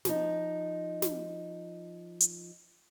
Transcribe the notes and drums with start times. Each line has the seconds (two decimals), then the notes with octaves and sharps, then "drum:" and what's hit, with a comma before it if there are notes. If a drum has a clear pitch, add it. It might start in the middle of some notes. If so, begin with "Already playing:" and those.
0.05 F3 D#4, drum: snare
1.02 drum: snare
2.20 drum: hi-hat